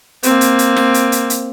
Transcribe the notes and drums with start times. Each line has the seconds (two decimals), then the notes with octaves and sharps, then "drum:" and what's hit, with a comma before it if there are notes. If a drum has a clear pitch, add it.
0.23 A#3 C4, drum: hi-hat
0.41 drum: hi-hat
0.59 drum: hi-hat
0.76 drum: snare
0.94 drum: hi-hat
1.12 drum: hi-hat
1.30 drum: hi-hat